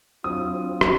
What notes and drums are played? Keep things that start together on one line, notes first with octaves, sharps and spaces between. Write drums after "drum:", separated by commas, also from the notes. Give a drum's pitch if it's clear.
F#3 C4 D4 E4 F4 D#6
drum: rim click